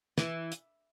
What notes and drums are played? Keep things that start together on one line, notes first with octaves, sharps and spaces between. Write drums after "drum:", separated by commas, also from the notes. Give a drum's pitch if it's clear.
E3, drum: snare
drum: hi-hat